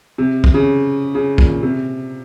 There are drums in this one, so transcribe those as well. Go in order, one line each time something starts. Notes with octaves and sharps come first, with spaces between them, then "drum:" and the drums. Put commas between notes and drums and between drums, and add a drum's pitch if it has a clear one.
C3
drum: kick
C#3
C#3
A#2, drum: kick
C3